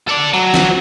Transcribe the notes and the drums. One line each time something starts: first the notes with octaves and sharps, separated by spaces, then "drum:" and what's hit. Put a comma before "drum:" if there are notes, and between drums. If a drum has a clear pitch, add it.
A4 D5
F#3
drum: snare